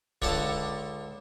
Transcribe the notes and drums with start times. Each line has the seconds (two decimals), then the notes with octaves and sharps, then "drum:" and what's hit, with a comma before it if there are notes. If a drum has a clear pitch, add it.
0.22 C#2 D3 F#5 A5, drum: kick